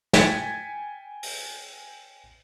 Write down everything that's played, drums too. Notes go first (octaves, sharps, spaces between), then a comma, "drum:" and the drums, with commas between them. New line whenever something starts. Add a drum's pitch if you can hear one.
G5 G#5 G#6 A6 B6 C#7, drum: snare
drum: open hi-hat